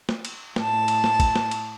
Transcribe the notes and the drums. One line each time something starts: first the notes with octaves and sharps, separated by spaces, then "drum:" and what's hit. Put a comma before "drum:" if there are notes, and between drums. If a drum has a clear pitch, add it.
drum: snare
drum: cymbal
A2 A5, drum: snare
drum: cymbal
drum: snare
drum: kick, cymbal
drum: snare
drum: cymbal